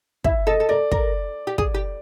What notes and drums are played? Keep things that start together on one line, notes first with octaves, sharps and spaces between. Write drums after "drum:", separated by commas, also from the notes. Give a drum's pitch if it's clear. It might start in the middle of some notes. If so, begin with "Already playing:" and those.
E4 E5, drum: kick
A4 D#5
A4
A#4 D5
A#4, drum: kick
G4
G#4, drum: kick
G4